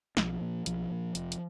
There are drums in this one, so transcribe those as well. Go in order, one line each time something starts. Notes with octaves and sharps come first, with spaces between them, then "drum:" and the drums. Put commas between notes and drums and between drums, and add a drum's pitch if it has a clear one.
B1 F3, drum: snare
A#2
B1 F3, drum: hi-hat
A#2
F1, drum: hi-hat
drum: hi-hat